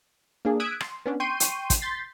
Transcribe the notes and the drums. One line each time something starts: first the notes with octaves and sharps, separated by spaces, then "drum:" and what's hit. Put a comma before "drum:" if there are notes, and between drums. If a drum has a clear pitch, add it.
A#3 D4 G#4
D#6 E6 F#6 G#6 B6 D7
C6, drum: rim click
B3 C#4 D4
G5 C6 C#6 G6 C7 D#7
drum: hi-hat
drum: kick, hi-hat
C6 G6 A6 B6 C7